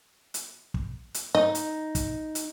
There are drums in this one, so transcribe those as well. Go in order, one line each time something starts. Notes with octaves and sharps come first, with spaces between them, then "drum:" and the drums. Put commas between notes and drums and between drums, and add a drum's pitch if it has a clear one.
drum: hi-hat
drum: kick
drum: hi-hat
D#4 D#5
drum: hi-hat
drum: kick, hi-hat
drum: hi-hat